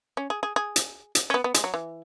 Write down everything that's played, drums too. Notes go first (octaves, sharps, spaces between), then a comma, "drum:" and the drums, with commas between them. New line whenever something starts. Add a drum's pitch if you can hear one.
C#4
G#4
G#4
G#4
drum: hi-hat
drum: hi-hat
C#4
B3
B3
G#3, drum: hi-hat
F#3
E3